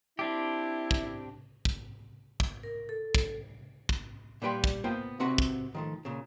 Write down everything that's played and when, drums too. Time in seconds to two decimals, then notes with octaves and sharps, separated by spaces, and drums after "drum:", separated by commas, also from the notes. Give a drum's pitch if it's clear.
0.19 C4 D4 E4 G4
0.91 drum: kick
1.65 drum: kick
2.40 drum: kick
2.63 A#4
2.89 A4
3.15 drum: kick
3.89 drum: kick
4.42 A#2 G3 B4 G5 C6
4.64 drum: kick
4.84 A#3 B3 F4 C5 G5
5.20 C3 C4 F#4 B4
5.38 drum: kick
5.75 D#3 F3 A3
6.05 A#2 C#3